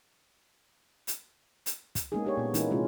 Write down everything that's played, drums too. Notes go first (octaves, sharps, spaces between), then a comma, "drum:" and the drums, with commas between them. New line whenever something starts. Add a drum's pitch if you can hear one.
drum: hi-hat
drum: hi-hat
drum: kick, hi-hat
G#3 A#3 B3 C#4 D#4 G#4
D4 G4 C#5
A#2 B3
E3 A#3 C#4 D#4 E4, drum: hi-hat
C3 G#3 A#3 C#4 F4